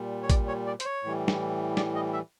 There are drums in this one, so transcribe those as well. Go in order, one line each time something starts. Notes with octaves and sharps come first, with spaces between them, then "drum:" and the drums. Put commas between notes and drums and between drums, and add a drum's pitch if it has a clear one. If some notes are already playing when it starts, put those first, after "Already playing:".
Already playing: A#2 G3
C#5
D5, drum: kick A1, hi-hat
C#5
D5
C5, drum: hi-hat
C#5
A2 E3 G3
drum: snare
D5, drum: snare
D#5
E5